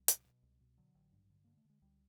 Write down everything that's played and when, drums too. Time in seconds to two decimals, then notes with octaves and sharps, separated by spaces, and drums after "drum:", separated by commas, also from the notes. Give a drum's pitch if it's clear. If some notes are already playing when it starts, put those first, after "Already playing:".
Already playing: C2 F#3
0.08 B2, drum: hi-hat
0.25 B2
0.43 C2
0.61 B2
0.77 D3 F#3
0.95 A1
1.12 G2
1.30 D3
1.44 D3 A#3
1.57 A3
1.65 D3 G#3
1.82 C#2 G3